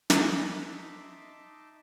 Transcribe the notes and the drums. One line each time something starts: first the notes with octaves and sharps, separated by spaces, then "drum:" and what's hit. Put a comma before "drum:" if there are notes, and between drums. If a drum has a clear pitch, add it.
D#4 D#5 E5 A5 C6 D6, drum: snare